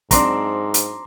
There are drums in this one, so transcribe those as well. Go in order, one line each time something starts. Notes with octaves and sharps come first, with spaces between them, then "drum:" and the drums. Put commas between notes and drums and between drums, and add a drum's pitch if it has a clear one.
G#2 F#3 C4 D4 A#5 C6 D6, drum: kick, hi-hat
drum: hi-hat